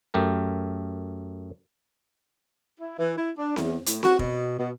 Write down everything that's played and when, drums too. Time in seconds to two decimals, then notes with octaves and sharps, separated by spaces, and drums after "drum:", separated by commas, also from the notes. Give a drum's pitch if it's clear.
0.14 F#2 A3 G4 A#4
2.79 E4
2.99 E3
3.17 E4
3.37 D4
3.56 E2, drum: snare C4
3.86 A2, drum: hi-hat
4.03 F#4, drum: snare C4
4.19 B2, drum: kick
4.59 B2